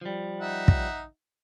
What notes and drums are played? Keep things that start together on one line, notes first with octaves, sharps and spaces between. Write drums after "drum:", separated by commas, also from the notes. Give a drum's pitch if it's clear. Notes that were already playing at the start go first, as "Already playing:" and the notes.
F3 G3
D#4 E5 F#5
drum: kick